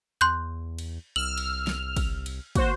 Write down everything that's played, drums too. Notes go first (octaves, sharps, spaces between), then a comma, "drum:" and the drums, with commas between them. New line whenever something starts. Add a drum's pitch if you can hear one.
E2 C6 F#6 G6
drum: cymbal
C2 E6 F6 F#7
drum: cymbal
drum: snare
drum: kick, cymbal
drum: cymbal
A#3 F#4 C5, drum: kick, cymbal